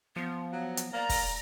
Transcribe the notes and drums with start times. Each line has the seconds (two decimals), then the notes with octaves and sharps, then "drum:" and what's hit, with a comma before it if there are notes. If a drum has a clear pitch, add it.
0.16 F3 B3
0.53 F#3
0.77 drum: hi-hat
0.93 A#3 D5 A#5
1.09 drum: kick, open hi-hat